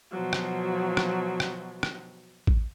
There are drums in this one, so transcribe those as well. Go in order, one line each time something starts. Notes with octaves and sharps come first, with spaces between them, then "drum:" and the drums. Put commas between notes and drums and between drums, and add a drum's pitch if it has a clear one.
B2 F3 F#3
drum: rim click
drum: rim click
drum: rim click
drum: rim click
drum: kick A1